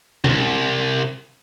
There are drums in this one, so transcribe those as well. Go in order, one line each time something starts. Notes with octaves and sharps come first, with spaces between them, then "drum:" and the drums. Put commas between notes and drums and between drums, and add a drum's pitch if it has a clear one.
C2 F#2, drum: tom B2